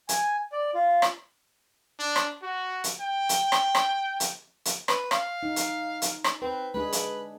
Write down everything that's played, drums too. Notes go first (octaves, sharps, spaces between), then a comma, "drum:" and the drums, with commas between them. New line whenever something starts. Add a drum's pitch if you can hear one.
G#5, drum: hi-hat
D5
F4
drum: rim click
D4
drum: rim click
F#4
drum: hi-hat
G5
drum: hi-hat
drum: rim click
drum: rim click
drum: hi-hat
drum: hi-hat
B4, drum: rim click
F5, drum: rim click
D#4
drum: hi-hat
drum: hi-hat
drum: rim click
C4 B4
G#3 D4 G#4 B4
drum: hi-hat